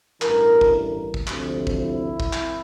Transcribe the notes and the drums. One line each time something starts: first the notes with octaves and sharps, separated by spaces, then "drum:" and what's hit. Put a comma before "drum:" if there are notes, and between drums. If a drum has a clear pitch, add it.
A1 G2 E3 A#4, drum: clap
drum: kick
drum: kick
D2 C3 F3, drum: clap
drum: kick
E4
drum: kick
C2, drum: clap